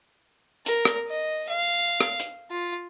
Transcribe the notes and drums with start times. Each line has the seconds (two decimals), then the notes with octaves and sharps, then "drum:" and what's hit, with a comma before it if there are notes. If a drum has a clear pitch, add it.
0.66 A#4, drum: hi-hat
0.85 drum: rim click
1.09 D#5
1.49 F5
2.01 drum: rim click
2.20 drum: hi-hat
2.51 F4